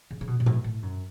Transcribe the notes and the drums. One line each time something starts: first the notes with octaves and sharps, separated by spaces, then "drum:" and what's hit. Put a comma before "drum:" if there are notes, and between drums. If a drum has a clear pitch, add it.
C#3
C#3
B2
B2
A2, drum: tom A2
A2
F#2